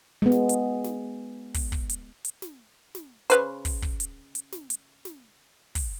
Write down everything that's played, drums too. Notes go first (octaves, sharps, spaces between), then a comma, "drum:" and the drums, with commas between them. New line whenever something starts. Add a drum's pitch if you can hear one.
G#3 B3
drum: snare
drum: hi-hat
drum: snare
drum: kick, open hi-hat
drum: kick
drum: hi-hat
drum: hi-hat
drum: snare
drum: snare
C#3 B4 C5, drum: hi-hat
drum: kick, open hi-hat
drum: kick
drum: hi-hat
drum: hi-hat
drum: snare
drum: hi-hat
drum: snare
drum: kick, open hi-hat